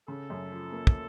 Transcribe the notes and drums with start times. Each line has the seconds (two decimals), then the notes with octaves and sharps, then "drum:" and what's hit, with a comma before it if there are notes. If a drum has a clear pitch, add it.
0.08 C#3 A4
0.30 F#2
0.51 F3
0.72 A#3
0.87 drum: kick